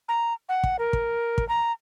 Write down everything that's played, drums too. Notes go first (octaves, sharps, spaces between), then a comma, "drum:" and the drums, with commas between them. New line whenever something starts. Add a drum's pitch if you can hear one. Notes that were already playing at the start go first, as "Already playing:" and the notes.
A#5
F#5
drum: kick
A#4
drum: kick
drum: kick
A#5